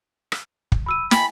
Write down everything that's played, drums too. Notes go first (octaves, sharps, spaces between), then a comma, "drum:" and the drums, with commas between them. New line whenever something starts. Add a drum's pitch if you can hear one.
drum: rim click
drum: kick
B5 E6 D#7
G5 G#5 B5, drum: snare